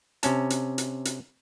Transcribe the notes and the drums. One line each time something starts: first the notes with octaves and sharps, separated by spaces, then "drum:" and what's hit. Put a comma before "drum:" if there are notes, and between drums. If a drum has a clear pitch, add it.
C3 C#4 A5, drum: hi-hat
drum: hi-hat
drum: hi-hat
drum: hi-hat